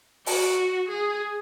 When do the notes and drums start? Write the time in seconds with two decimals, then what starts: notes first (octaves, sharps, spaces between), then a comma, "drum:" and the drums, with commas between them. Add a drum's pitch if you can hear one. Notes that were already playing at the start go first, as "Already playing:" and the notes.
0.26 F#4, drum: open hi-hat
0.89 G#4